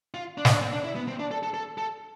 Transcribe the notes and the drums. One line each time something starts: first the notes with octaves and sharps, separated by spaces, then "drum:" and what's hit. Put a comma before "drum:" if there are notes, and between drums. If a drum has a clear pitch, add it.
F4
D4
C4, drum: snare
D4
C4
D4
E4
B3
C4
D4
A4
A4
A4
A4